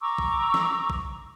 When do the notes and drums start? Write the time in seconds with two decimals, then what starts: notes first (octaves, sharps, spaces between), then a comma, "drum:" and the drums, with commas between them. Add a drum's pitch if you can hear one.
0.01 A#5 C#6 D6 E6
0.18 drum: kick A1
0.54 drum: snare
0.90 drum: kick A1